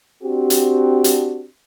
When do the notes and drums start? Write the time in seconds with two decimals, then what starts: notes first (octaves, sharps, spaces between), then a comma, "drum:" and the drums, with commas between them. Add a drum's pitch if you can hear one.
0.23 C4 D4 F#4 G4
0.50 drum: hi-hat
1.04 drum: hi-hat